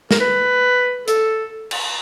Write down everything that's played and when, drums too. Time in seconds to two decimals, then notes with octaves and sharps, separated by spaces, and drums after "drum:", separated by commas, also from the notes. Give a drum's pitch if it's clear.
0.11 A#4, drum: snare
0.20 B4
1.08 A4, drum: hi-hat
1.71 drum: cymbal